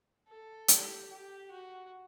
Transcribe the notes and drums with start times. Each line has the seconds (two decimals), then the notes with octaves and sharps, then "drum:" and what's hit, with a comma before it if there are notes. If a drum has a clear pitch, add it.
0.28 A4
0.68 G4, drum: hi-hat
1.10 G4
1.51 F#4